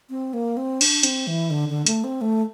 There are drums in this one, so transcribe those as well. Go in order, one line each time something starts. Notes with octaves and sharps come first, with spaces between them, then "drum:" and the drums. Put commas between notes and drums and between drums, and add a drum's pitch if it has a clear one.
C4
A#3
C4
D4, drum: cymbal
C4, drum: hi-hat
E3
D3
D3
A3, drum: hi-hat
C4
A3